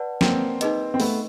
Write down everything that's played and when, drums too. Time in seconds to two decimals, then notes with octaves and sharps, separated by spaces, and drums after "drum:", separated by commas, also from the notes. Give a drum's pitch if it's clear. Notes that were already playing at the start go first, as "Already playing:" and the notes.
Already playing: B4 D5 F#5 A5
0.21 A#3 C4, drum: snare
0.61 D#4 G#4 B4 D#5, drum: hi-hat
0.94 C4
1.00 A3 B3, drum: open hi-hat